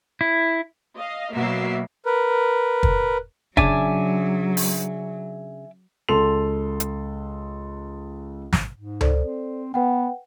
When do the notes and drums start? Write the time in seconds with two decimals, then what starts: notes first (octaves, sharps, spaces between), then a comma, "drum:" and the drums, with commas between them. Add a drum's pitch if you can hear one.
0.21 E4
0.96 D#5 F5
1.33 B2 F#3 A#3 E5 C7
2.06 A#4 B4
2.83 drum: kick
3.57 C#3 F#3 D4 E5 G#5 D6, drum: kick
4.57 drum: open hi-hat
6.09 C#2 A4 C6 F7
6.80 drum: hi-hat
8.53 drum: snare
8.77 G#2
9.01 A4 C5 D5, drum: tom C#2
9.20 C4
9.74 B3 B4 F#5 G5